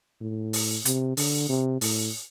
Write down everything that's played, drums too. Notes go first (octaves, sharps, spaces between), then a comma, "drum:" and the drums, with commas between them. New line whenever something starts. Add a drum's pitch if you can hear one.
A2
drum: open hi-hat
C3, drum: hi-hat
D3, drum: open hi-hat
C3
A2, drum: open hi-hat